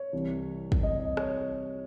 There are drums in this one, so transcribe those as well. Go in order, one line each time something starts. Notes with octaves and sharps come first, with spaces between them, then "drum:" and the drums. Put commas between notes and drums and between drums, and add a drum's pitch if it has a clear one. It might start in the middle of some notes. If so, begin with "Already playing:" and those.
Already playing: C#5
C2 C3 E3
drum: kick
D#5
D#5
C#5, drum: rim click